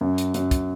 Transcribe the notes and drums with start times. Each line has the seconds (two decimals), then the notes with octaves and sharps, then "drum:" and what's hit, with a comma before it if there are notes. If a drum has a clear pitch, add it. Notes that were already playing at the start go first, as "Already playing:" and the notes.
0.01 F#2
0.18 drum: hi-hat
0.34 F#2, drum: hi-hat
0.51 drum: kick, hi-hat